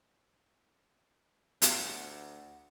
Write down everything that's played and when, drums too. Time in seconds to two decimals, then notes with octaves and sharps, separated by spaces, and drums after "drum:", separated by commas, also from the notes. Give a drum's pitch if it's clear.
1.62 D2 F#5, drum: hi-hat